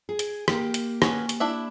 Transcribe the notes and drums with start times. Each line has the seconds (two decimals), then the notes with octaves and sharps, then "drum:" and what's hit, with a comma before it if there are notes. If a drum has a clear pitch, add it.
0.09 G#4
0.19 drum: hi-hat
0.48 A#3 G4, drum: rim click
0.74 drum: hi-hat
1.02 B3 C#4 B4, drum: rim click
1.29 drum: hi-hat
1.40 D4 E4 E5